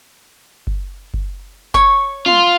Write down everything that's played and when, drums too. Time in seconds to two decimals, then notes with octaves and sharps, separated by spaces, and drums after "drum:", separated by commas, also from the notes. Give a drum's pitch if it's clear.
0.67 drum: kick F#1
1.14 drum: kick F#1
1.74 C#5 C#6, drum: kick F#1
2.26 F4, drum: tom